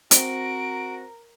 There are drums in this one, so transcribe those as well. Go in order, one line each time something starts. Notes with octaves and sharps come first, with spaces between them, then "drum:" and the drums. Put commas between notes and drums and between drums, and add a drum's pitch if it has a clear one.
C4 F#4 A#4 A#6 D7, drum: hi-hat